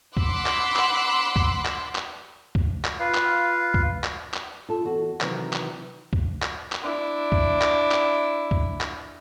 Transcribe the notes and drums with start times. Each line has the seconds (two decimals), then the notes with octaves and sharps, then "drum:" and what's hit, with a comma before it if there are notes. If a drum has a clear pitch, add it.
0.17 F#5 B5 C6 D6 E6 F#6, drum: kick C#2
0.46 drum: clap
0.76 drum: clap
1.36 drum: kick C#2
1.66 drum: clap
1.95 drum: clap
2.55 drum: kick C#2
2.85 drum: clap
3.00 F4 B4 F5
3.15 drum: clap
3.74 drum: kick C#2
4.04 drum: clap
4.34 drum: clap
4.69 F4 A4
4.85 E2 F#4
5.21 C3 D#3 E3 F#3, drum: clap
5.53 drum: clap
6.13 drum: kick C#2
6.43 drum: clap
6.72 drum: clap
6.82 D4 E4
7.32 drum: kick C#2
7.62 drum: clap
7.92 drum: clap
8.51 drum: kick C#2
8.81 drum: clap